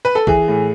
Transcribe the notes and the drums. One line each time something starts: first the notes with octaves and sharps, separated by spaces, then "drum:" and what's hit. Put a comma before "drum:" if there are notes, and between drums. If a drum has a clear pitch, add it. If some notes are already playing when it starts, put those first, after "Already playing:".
B4
A4
E3 G#4, drum: kick
A2